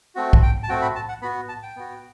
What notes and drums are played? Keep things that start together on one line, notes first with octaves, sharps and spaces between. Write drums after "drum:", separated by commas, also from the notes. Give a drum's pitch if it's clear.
A3 C4 F#4
drum: kick B1
G5
A5
A3 C4 F#4 G5
B5
A5
F#5
B3 F#4 B5
A5
G5
B3 F#4